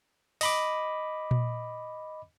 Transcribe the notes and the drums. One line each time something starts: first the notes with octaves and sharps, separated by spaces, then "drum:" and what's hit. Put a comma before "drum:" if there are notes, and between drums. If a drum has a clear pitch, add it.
D#5 B5 D6, drum: open hi-hat
drum: tom A#2